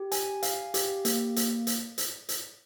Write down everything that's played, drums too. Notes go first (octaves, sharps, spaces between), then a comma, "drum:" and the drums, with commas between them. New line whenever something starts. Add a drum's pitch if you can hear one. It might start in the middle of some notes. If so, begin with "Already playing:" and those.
Already playing: G4
G#5, drum: hi-hat
F5, drum: hi-hat
G4, drum: hi-hat
A#3, drum: hi-hat
A#3, drum: hi-hat
drum: hi-hat
drum: hi-hat
drum: hi-hat